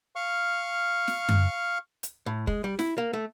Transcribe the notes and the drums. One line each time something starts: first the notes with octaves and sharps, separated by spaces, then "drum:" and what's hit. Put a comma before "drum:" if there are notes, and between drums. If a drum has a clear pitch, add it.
F5 C#6 F6
drum: snare
drum: tom F#2
drum: hi-hat
A2
G#3, drum: kick
G3
E4, drum: snare
A#3
A3